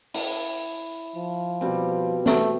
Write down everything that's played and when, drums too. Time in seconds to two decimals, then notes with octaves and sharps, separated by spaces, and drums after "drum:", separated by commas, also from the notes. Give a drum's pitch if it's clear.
0.14 E4, drum: open hi-hat
1.16 F3
1.61 B2 G3 C4
2.26 A3, drum: snare